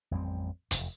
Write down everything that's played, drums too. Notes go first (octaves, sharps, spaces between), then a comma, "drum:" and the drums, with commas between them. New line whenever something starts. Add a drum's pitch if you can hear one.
A1 F2 G3 C4
F1 E2, drum: hi-hat